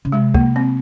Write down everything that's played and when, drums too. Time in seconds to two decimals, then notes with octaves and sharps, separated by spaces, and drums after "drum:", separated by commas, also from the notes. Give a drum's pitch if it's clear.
0.05 C#3
0.12 C3 G#3
0.34 A#3, drum: kick
0.56 C4